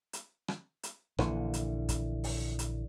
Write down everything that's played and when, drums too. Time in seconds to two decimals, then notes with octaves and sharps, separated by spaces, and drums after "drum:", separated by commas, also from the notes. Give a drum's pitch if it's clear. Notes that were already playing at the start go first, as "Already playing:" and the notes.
0.13 drum: hi-hat
0.48 drum: rim click
0.83 drum: hi-hat
1.18 A#1 D3 E3, drum: rim click
1.54 drum: hi-hat
1.89 drum: kick, hi-hat
2.24 drum: open hi-hat
2.59 drum: hi-hat